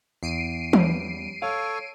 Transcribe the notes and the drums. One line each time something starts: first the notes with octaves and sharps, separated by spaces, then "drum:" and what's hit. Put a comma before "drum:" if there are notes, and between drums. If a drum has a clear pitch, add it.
E2 C7 D7 D#7
G3 C#4, drum: tom E3
A4 C#5 F5